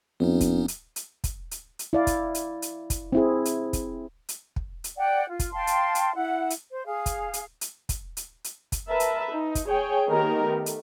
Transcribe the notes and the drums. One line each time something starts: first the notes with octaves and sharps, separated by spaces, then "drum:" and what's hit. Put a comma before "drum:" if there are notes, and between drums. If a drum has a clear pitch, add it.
F2 B3 C#4 D#4
drum: kick, hi-hat
drum: hi-hat
drum: hi-hat
drum: kick, hi-hat
drum: hi-hat
drum: hi-hat
E4 D5 F5
drum: kick, hi-hat
drum: hi-hat
drum: hi-hat
drum: kick, hi-hat
C4 E4 G#4
drum: hi-hat
drum: kick, hi-hat
drum: hi-hat
drum: kick
drum: hi-hat
D5 F#5 G5
F4
drum: kick, hi-hat
F5 G5 A5 C6
drum: hi-hat
drum: hi-hat
E4 F#5
drum: hi-hat
C5
G#4 F5
drum: kick, hi-hat
drum: hi-hat
drum: hi-hat
drum: kick, hi-hat
drum: hi-hat
drum: hi-hat
drum: kick, hi-hat
A#4 B4 E5 A5
drum: hi-hat
D#4
drum: kick, hi-hat
G#4 C#5 G5 G#5
D#3 A#3 B3 D#4 G4 A#4
A3
drum: hi-hat